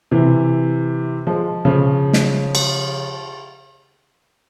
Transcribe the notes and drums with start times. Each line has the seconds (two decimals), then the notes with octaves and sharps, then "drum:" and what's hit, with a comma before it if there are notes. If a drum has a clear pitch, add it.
0.11 C3 E3
1.27 F3 G#3
1.65 C#3 F3
2.13 drum: snare
2.55 drum: cymbal